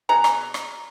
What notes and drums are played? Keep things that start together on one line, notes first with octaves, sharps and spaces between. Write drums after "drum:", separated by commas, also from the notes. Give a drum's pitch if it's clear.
B2 G#4 A#5
drum: rim click
drum: rim click